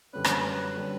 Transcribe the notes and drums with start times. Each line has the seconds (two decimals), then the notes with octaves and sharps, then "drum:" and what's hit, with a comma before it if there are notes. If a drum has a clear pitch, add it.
0.13 F#2 D3 G3 C#4 B4
0.24 drum: rim click
0.76 D3 G3 C#4